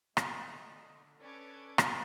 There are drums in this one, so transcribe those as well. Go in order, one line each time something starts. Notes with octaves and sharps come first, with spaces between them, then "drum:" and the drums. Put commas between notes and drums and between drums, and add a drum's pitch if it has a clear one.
D3 D#5, drum: rim click
C#4 A4 B4 D5 A5 D6 G#6
drum: rim click